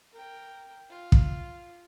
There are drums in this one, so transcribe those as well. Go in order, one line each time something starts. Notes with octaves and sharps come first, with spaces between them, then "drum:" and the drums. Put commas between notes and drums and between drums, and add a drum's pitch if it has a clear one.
A#4 G5
F4
drum: kick